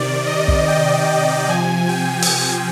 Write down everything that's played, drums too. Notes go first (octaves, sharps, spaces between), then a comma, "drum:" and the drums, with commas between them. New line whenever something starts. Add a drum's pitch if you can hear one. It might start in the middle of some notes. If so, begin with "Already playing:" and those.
Already playing: C3 D#3 D5
D#5
drum: kick
G5
C3 F3 G#5
G5
drum: open hi-hat